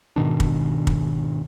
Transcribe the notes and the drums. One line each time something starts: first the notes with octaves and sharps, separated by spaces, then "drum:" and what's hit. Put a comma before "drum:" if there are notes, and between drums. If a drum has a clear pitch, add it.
G#2 B2 D#3 D4
drum: kick
drum: kick